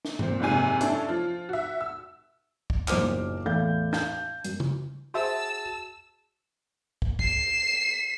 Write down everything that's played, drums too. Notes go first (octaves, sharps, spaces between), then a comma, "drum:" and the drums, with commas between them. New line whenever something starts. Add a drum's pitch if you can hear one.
drum: snare
A#2 C4, drum: tom G2
F#1 F2 G#2 C3 G#5
C#4 D4 E4 A4, drum: hi-hat
F3
F#4 E5
E6
drum: kick
F#1 B1 A#2 C5 D6 F6, drum: clap
E2 A2 F5 G6
F5 A5 G6, drum: snare
F#2, drum: hi-hat
drum: tom C#3
F#4 G#4 C5 E5 A5 E6
drum: kick
C7 E7, drum: kick